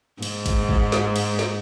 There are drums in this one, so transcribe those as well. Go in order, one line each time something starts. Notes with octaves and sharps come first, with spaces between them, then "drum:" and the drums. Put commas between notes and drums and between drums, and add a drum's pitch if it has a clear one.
G#2, drum: cymbal
drum: kick, cymbal
drum: kick
drum: snare
drum: cymbal
drum: snare